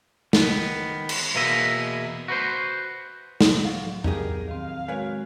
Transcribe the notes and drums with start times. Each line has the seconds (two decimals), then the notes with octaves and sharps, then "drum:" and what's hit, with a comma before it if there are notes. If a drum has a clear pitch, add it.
0.33 D#3 B3, drum: snare
1.09 drum: cymbal
1.35 E2 B2 A#3 E4 D#5 E5
2.28 F#4 B4 C5
3.41 drum: snare
3.65 A2 F3 F#3 F5
4.04 D#4 G4 G#4 A#4, drum: tom E2
4.48 D#3 C4 F5
4.88 G#3 F#4 A#4 B4 C#5